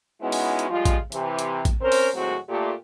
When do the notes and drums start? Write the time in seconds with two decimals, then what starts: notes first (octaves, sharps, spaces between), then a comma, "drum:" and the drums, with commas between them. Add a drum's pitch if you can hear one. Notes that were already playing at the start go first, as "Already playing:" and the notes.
0.22 G#3 B3 C#4 D#4 E4 F#4
0.32 drum: open hi-hat
0.59 drum: hi-hat
0.70 F3 G3 G#3 F4
0.85 drum: kick, hi-hat
1.12 C3 E3, drum: hi-hat
1.39 drum: hi-hat
1.65 drum: kick, hi-hat
1.82 C4 C#4 A#4 C5
1.92 drum: open hi-hat
2.14 D#2 A2 F#3 G#3 C4 F#4
2.49 A#2 A3 G4